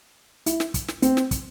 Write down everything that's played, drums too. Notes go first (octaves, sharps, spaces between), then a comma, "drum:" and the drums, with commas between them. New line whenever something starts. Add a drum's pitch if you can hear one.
E4, drum: hi-hat
drum: snare
drum: kick, hi-hat
drum: snare
C4, drum: hi-hat
drum: snare
drum: kick, hi-hat